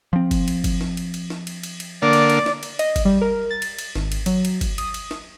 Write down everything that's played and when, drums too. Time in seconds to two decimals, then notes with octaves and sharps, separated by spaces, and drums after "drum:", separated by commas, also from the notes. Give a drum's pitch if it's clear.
0.13 F3 C4
0.31 drum: kick G1, cymbal
0.48 drum: cymbal
0.64 drum: kick G1, cymbal
0.81 drum: snare
0.97 drum: cymbal
1.14 drum: cymbal
1.30 drum: snare
1.47 drum: cymbal
1.63 drum: cymbal
1.80 drum: cymbal
2.02 D3 A#3 D5
2.13 drum: cymbal
2.30 drum: cymbal
2.46 drum: snare
2.63 drum: cymbal
2.79 D#5, drum: cymbal
2.96 drum: kick G1, cymbal
3.05 G3
3.21 A#4
3.51 A6
3.62 drum: cymbal
3.78 drum: cymbal
3.95 G#1, drum: snare
4.12 drum: cymbal
4.26 F#3, drum: cymbal
4.45 drum: cymbal
4.61 drum: kick G1, cymbal
4.78 D#6, drum: cymbal
4.94 drum: cymbal
5.11 drum: snare